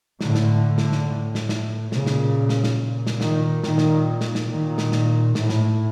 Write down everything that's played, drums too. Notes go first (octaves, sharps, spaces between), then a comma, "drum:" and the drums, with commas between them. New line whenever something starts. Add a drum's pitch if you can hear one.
A2 D3, drum: snare
drum: snare
drum: snare
drum: snare
A2
drum: snare
drum: snare
A#2 C#3, drum: snare
drum: snare
drum: snare
drum: snare
A#2
drum: snare
D#3, drum: snare
A#2 D#3, drum: snare
drum: snare
drum: snare
drum: snare
A#2 D#3
drum: snare
drum: snare
A2, drum: snare
drum: snare